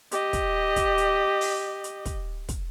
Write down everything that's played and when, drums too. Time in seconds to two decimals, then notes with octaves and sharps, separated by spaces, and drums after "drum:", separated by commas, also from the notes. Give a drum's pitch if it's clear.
0.11 G4 D#5, drum: hi-hat
0.33 drum: kick, hi-hat
0.76 drum: kick, hi-hat
0.98 drum: hi-hat
1.41 drum: open hi-hat
1.84 drum: hi-hat
2.05 drum: kick, hi-hat
2.49 drum: kick, hi-hat